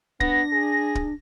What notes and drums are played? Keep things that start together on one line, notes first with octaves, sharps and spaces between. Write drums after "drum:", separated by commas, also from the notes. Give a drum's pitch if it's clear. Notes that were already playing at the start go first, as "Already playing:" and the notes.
B3 D4 A#6, drum: kick
G#4
drum: kick